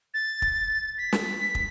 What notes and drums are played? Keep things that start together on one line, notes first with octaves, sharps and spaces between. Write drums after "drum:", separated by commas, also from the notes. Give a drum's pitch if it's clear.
A6
drum: kick
B6
drum: snare
drum: kick